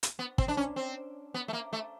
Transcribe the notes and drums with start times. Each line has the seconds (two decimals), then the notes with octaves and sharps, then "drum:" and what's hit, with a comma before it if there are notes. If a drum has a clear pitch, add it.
0.03 drum: hi-hat
0.19 B3
0.38 C4, drum: kick
0.48 D4
0.57 C#4
0.76 C4
1.34 B3
1.48 A3
1.53 A#3
1.73 A3